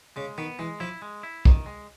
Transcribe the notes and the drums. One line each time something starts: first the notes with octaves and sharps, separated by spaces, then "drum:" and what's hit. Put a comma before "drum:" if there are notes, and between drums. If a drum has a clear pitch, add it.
C#3 G#3
D#3 B3
E3 G#3
F3 E4
G#3
E4
D#3, drum: kick
G#3